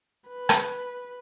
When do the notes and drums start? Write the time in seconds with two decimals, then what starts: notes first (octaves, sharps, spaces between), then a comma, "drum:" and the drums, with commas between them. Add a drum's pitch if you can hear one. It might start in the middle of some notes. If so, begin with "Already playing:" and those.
0.29 B4
0.49 drum: rim click